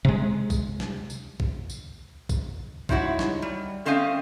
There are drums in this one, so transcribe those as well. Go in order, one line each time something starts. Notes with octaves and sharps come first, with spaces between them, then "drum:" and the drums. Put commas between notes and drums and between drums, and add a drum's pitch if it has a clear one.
C3 G#3
drum: kick, tambourine
drum: snare
drum: tambourine
drum: kick
drum: tambourine
drum: kick, tambourine
G#3 D#4 E4 F#4 C#5 F#5, drum: kick
drum: snare
G3
A3 C4 C#4 D#5 F5